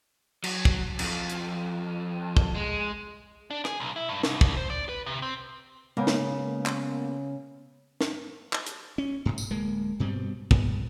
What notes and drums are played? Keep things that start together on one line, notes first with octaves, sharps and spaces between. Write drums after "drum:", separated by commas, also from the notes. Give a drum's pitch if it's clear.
F#3, drum: cymbal
drum: kick
F2, drum: cymbal
drum: hi-hat
drum: kick
G#3
D4
G#4, drum: rim click
B1
E4
G2
C2, drum: snare
C2, drum: kick
C5
D5
B4
C3
C4
C#3 G#3 A#3 B3
drum: snare
drum: clap
drum: snare
drum: clap
drum: hi-hat
C#4
F2 G#2
drum: tambourine
D1 G#3 A#3
G2 B2 G3 C4
G2 B3, drum: kick